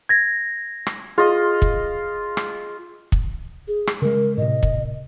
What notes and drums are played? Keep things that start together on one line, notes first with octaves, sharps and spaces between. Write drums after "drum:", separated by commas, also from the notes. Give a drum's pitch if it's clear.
G#6 A#6
drum: rim click
F4 G#4 D#5
drum: kick
drum: rim click
drum: kick
G#4
drum: rim click
C#3 G#3 A#4
A2 C3 D#5
drum: kick